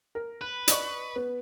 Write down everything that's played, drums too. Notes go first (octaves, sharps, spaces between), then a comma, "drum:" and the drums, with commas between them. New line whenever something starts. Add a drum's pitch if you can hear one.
A#4
B4 B5
D5 D#5 C#6, drum: hi-hat
B3